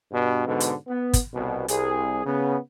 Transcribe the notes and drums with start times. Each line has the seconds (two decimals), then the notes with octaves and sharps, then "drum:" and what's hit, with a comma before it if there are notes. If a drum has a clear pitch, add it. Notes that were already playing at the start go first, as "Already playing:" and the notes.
0.11 G2 B2
0.45 G#2 B2 D3
0.60 drum: hi-hat
0.87 B3
1.13 drum: kick, hi-hat
1.33 C2 B2
1.68 C2 G#4, drum: hi-hat
2.24 C#3 B3